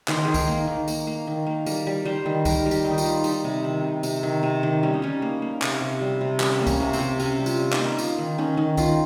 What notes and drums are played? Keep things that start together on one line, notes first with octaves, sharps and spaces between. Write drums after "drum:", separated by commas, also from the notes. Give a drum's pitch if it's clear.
D#3 C5, drum: clap
A#4
D#3 G#4
A#4, drum: kick C#2, tambourine
A#3
D#3
A#3, drum: tambourine
A#3
D#3
A#3
G3 A#4, drum: tambourine
G3
G3 C5
D#3
G3 A#4, drum: kick C#2, tambourine
G3
G4, drum: tambourine
D#3
D#4
F4, drum: tambourine
G3
G3 D#4, drum: tambourine
C3
D#3
C3
C3, drum: tambourine
D#3
C3
D#3
G3 C#4
D#4
G3 C#4
A#3
A#3
C3, drum: clap
C3
G3
C3
G3 C#4, drum: clap
A#3
C#4, drum: kick C#2, tambourine
C3
C4, drum: tambourine
C3
C3 C#4, drum: tambourine
G3
F4, drum: tambourine
G3
D#4, drum: clap
A#3
A#3 F4, drum: tambourine
D#3
D#3 C#4
D#3
D#3 F4, drum: kick C#2, tambourine